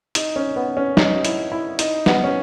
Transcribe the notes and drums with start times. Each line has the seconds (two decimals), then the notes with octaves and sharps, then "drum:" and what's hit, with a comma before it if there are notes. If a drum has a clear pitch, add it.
0.15 D#4, drum: hi-hat
0.36 C#4
0.56 B3
0.77 C#4
0.97 D#4, drum: snare
1.25 E4, drum: hi-hat
1.52 E4
1.79 D#4, drum: hi-hat
2.06 B3, drum: snare
2.24 C#4